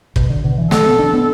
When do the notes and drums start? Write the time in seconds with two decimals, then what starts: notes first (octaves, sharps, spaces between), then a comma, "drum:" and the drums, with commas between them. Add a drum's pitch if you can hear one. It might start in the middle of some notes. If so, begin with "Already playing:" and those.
0.16 B2, drum: kick
0.30 D3
0.44 B2
0.58 E3
0.71 A3 A4, drum: snare
0.86 B3
0.99 D4
1.13 B3